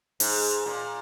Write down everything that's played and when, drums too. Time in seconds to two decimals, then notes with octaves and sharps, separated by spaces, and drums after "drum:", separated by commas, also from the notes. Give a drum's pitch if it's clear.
0.20 G#2, drum: open hi-hat
0.66 A#2